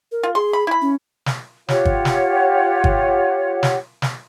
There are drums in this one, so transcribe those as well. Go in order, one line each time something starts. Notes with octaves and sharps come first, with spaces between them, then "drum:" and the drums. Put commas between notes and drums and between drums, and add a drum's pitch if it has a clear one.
A#4
F4
G#4 C6
B5
E4 B5
C#4
drum: snare
F4 G4 C#5 F#5, drum: snare
drum: kick
drum: snare
drum: kick
drum: snare
drum: snare